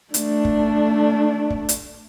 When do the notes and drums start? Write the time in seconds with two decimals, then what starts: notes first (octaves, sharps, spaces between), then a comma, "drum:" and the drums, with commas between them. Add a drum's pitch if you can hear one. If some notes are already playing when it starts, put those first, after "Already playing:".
0.14 A3 D4, drum: hi-hat
0.45 drum: kick
1.50 drum: kick
1.69 drum: hi-hat